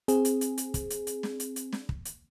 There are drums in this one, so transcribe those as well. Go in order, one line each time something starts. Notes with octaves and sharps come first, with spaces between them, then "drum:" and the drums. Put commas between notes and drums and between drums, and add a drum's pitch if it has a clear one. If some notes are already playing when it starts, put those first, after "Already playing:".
C4 G#4, drum: hi-hat
drum: hi-hat
drum: hi-hat
drum: hi-hat
drum: kick, hi-hat
drum: hi-hat
drum: hi-hat
drum: snare
drum: hi-hat
drum: hi-hat
drum: snare
drum: kick
drum: hi-hat